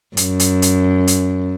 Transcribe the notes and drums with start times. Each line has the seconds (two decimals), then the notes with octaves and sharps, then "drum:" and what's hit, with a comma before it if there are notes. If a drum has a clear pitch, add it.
0.17 F#2, drum: hi-hat
0.40 drum: hi-hat
0.62 drum: hi-hat
1.07 drum: hi-hat